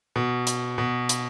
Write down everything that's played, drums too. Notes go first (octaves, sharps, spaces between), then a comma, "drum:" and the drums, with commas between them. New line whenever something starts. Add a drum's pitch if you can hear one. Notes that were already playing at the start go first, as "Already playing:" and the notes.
B2
drum: hi-hat
B2
drum: hi-hat